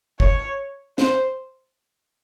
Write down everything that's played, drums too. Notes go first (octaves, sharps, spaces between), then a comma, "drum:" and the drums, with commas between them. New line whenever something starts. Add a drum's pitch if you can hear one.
C#5, drum: kick
C5, drum: snare